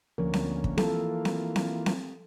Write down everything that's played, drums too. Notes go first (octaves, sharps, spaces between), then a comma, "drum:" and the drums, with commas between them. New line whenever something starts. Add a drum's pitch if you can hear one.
D2 F3 A#3 C#4 A#4
drum: snare C4
drum: kick
E3 A#3 F4 A4, drum: snare C4
drum: snare C4
drum: snare C4
drum: snare C4